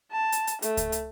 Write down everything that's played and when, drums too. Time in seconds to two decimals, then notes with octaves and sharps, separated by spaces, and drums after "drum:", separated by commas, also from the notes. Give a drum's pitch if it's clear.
0.12 A5
0.32 drum: hi-hat
0.47 drum: hi-hat
0.62 A3, drum: hi-hat
0.77 drum: kick C#2, hi-hat
0.92 drum: hi-hat